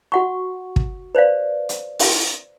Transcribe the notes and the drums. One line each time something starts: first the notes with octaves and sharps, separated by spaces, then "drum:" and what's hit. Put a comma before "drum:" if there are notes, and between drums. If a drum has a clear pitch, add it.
F#4 F#5 C#6
drum: kick
B4 C5 D5 F5
drum: hi-hat
drum: open hi-hat